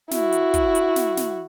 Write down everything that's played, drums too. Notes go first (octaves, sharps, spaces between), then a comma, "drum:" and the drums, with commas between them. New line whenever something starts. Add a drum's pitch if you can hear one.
E4 F#4, drum: snare
drum: hi-hat
drum: kick, hi-hat
drum: hi-hat
drum: snare
drum: snare